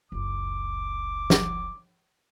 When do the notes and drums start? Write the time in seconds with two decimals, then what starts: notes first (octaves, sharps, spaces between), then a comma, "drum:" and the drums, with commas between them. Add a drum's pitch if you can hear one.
0.12 F#1 C#2 D6
1.30 drum: snare